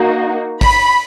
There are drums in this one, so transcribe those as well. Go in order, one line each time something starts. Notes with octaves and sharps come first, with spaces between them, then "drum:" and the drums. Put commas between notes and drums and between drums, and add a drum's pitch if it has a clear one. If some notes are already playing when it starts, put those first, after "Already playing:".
Already playing: A#3 D#4 F#4
B5, drum: kick, open hi-hat